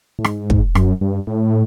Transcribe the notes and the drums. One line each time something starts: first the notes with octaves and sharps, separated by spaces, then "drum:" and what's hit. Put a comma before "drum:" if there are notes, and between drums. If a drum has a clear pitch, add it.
A2
G#2, drum: rim click
drum: kick
F#2, drum: rim click
G2
A2